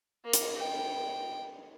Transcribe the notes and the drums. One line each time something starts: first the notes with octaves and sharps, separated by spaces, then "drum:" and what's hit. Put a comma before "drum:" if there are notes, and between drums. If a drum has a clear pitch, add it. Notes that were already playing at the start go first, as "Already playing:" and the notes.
A#3
drum: hi-hat
G5